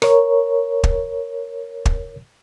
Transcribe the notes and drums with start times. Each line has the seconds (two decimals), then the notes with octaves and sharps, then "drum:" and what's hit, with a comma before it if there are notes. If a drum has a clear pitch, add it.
0.02 A#4 C#5, drum: rim click
0.84 drum: kick
1.86 drum: kick